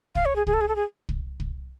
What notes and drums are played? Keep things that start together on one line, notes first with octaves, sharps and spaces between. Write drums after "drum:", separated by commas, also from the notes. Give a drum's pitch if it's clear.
F5, drum: kick
C#5
G#4
G#4, drum: kick
A4
G#4
A4
G#4
drum: kick
drum: kick